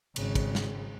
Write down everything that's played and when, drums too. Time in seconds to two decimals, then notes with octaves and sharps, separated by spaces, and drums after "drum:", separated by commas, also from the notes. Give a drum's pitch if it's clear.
0.16 G#1 C#3, drum: cymbal
0.35 drum: kick, cymbal
0.55 drum: snare